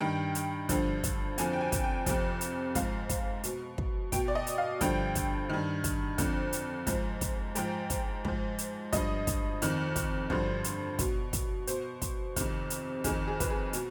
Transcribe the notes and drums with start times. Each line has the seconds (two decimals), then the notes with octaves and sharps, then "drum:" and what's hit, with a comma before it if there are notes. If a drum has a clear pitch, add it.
0.01 G2 D#3 G5
0.35 drum: hi-hat
0.69 G2 D3 F3, drum: kick, hi-hat
1.04 drum: kick, hi-hat
1.38 F2 D3 F3 G#5, drum: hi-hat
1.53 G5
1.61 G#5
1.72 drum: kick, hi-hat
1.84 G5
2.06 F2 C3 F3, drum: kick, hi-hat
2.41 drum: hi-hat
2.75 G#2 F3 F5, drum: kick, hi-hat
3.09 drum: kick, hi-hat
3.44 B2, drum: hi-hat
3.78 drum: kick
4.12 B2 G5, drum: kick, hi-hat
4.28 D5
4.35 D#5
4.47 drum: hi-hat
4.58 F5
4.81 G2 D3 F3 G5, drum: kick, hi-hat
5.15 drum: kick, hi-hat
5.50 G2 D#3
5.84 drum: kick, hi-hat
6.18 F2 D3 F3, drum: kick, hi-hat
6.53 drum: hi-hat
6.87 G#2 F3, drum: kick, hi-hat
7.21 drum: kick, hi-hat
7.55 G#2 F3 G5, drum: hi-hat
7.90 drum: kick, hi-hat
8.25 G#2 F3, drum: kick
8.58 drum: hi-hat
8.93 G2 F3 D#5, drum: kick, hi-hat
9.27 drum: kick, hi-hat
9.62 F2 D#3, drum: hi-hat
9.96 drum: kick, hi-hat
10.30 G2 D3 F3 C5, drum: kick
10.64 drum: hi-hat
10.99 B2, drum: kick, hi-hat
11.33 drum: kick, hi-hat
11.67 B2 C5, drum: hi-hat
12.02 drum: kick, hi-hat
12.36 F2 C3 D#3, drum: kick, hi-hat
12.70 drum: hi-hat
13.04 F2 D#3 G#4, drum: kick, hi-hat
13.28 G#4
13.40 B4, drum: kick, hi-hat
13.50 G#4
13.73 B2, drum: hi-hat